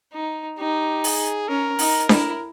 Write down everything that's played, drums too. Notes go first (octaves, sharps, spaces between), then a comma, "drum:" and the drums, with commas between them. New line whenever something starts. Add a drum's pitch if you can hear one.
D#4
D#4 G4
G#4, drum: open hi-hat
C#4 A#4
D#4, drum: open hi-hat
E4, drum: snare D4